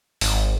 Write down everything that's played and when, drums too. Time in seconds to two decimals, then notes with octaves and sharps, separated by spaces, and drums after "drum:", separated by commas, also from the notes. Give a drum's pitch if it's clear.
0.21 G#1, drum: open hi-hat